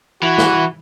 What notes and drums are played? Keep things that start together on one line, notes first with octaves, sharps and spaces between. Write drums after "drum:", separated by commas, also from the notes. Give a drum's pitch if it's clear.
E3 F#4
drum: snare